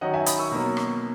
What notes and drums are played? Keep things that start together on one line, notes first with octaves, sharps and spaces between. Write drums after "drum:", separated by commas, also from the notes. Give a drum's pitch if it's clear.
D#3 F#3 C#4 D#5 F#5
E5 G#5
B5 D#6, drum: hi-hat
C#6 E6
B2 F#3 A#3 C#4
drum: rim click